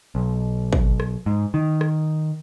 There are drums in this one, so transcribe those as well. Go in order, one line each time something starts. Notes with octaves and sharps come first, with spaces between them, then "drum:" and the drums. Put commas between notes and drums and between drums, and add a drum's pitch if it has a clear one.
B1
drum: kick
drum: rim click
G#2
D#3
drum: rim click